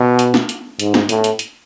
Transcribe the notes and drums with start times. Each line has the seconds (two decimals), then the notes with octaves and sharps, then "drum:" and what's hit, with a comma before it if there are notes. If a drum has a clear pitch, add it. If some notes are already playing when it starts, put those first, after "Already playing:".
Already playing: B2
0.19 drum: hi-hat
0.34 drum: snare
0.49 drum: hi-hat
0.80 G#2, drum: hi-hat
0.94 drum: snare
1.09 A2, drum: hi-hat
1.24 drum: hi-hat
1.39 drum: hi-hat